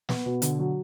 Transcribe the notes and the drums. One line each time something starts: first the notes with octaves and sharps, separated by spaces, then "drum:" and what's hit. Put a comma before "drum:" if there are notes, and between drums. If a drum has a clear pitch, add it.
B3, drum: snare
B2
D3, drum: hi-hat
F#3